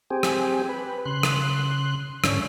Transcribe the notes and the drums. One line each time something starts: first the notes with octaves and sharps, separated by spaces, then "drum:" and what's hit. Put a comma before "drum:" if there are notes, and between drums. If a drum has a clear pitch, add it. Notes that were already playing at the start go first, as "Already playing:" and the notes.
C4 G4 G#4
drum: rim click
B4
C#3 C6 F#6
drum: rim click
G#2 D3 C#4, drum: rim click